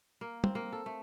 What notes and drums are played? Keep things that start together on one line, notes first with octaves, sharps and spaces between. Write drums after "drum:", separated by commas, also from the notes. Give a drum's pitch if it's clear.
A#3
C4, drum: tom
A#3
A4
A3